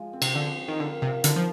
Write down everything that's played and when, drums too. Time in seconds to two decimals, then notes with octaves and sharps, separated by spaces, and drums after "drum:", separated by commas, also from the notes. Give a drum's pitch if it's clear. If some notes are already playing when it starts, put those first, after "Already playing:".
Already playing: F3 G#3
0.13 C4
0.22 C3, drum: cymbal
0.35 D3 F3
0.58 C4
0.68 D#3
0.80 D3 A#4
1.02 C3 F5
1.24 D3 D#4, drum: hi-hat
1.36 F3